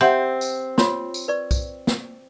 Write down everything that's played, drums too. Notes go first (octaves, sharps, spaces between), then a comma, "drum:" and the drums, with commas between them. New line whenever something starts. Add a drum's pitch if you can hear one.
C4 G4 E5 F#5
drum: tambourine
F4 C#5 C6, drum: snare
drum: tambourine
B4 D5 C#6
drum: kick B1, tambourine
drum: snare